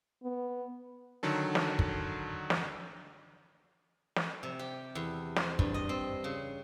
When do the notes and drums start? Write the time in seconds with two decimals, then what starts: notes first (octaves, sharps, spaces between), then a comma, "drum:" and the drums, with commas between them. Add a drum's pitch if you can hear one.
0.23 B3
1.23 D3 D#3 F#3 A4
1.55 drum: snare
1.79 drum: kick
2.50 drum: snare
4.16 drum: snare
4.43 C3
4.59 G4
4.95 E2
5.36 C5, drum: snare
5.59 G2, drum: kick
5.74 D#5
5.89 C4
6.24 C#3